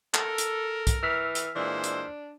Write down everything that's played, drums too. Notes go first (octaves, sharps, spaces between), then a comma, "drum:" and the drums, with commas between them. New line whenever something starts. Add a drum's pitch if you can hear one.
A4 A#4, drum: clap
drum: hi-hat
drum: kick B1, hi-hat
E3 E6 F6 B6
drum: hi-hat
A#2 E3 G#3 D4 C5
drum: hi-hat